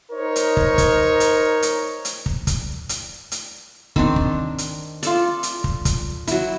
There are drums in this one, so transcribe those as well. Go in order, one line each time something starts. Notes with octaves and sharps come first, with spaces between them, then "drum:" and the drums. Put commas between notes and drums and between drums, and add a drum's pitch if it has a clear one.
D#4 A#4 C5 C#5
drum: hi-hat
drum: kick
drum: kick, hi-hat
drum: hi-hat
drum: hi-hat
drum: hi-hat
drum: kick
drum: kick, hi-hat
drum: hi-hat
drum: hi-hat
D#3 C4 D4, drum: kick
drum: kick
drum: hi-hat
F4 A4 D5, drum: hi-hat
drum: hi-hat
drum: kick
drum: kick, hi-hat
F#3 E4, drum: hi-hat